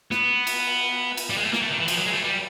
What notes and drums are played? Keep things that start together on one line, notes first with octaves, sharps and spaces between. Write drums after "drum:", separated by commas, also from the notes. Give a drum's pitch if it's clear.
B3, drum: snare
drum: cymbal
drum: cymbal
G3
G#3
A3
A#3, drum: snare
A3
D#3
E3
F3, drum: cymbal
F#3
G#3
A3
G3